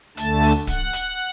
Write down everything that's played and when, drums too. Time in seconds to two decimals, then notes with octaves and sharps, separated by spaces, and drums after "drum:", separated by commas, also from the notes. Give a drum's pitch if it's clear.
0.17 D2 D3 A3 A5, drum: hi-hat
0.43 drum: open hi-hat
0.67 F#5, drum: kick D1, hi-hat
0.93 drum: hi-hat